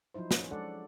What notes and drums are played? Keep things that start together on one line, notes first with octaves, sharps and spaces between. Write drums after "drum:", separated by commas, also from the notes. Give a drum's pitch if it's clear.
F3 F#3 D#4 E4 C5
C#4, drum: snare
G#3 D4 A4 D5 F#5